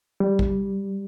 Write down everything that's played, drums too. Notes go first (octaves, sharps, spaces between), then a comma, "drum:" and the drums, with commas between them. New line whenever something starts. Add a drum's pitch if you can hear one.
G3
drum: kick